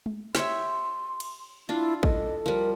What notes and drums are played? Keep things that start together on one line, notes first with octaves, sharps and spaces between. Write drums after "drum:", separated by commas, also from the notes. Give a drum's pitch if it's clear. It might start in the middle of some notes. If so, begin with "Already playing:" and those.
drum: tom G#3
G4 C#5 E5 C6, drum: snare
drum: cymbal
D4 E4 F4
A4 D#5, drum: kick
F3 G3 A#4